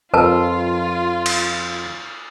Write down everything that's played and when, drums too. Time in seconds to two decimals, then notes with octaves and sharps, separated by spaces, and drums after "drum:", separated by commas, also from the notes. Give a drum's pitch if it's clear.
0.14 F2 F4 A#4 B4 A5
1.26 drum: cymbal